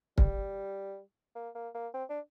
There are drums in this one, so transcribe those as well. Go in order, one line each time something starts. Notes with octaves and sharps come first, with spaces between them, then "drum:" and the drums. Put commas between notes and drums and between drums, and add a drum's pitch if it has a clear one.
G3, drum: kick
A#3
A#3
A#3
C4
D4